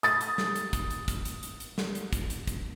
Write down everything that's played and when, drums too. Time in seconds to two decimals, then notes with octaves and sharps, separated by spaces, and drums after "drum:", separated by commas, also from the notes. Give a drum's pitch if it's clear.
0.03 D#6 A6, drum: hi-hat
0.21 drum: hi-hat
0.38 drum: snare
0.56 drum: hi-hat
0.73 drum: kick, hi-hat
0.90 drum: hi-hat
1.08 drum: kick, hi-hat
1.25 drum: hi-hat
1.43 drum: hi-hat
1.60 drum: hi-hat
1.78 drum: snare
1.95 drum: hi-hat
2.13 drum: kick, hi-hat
2.30 drum: hi-hat
2.47 drum: kick, hi-hat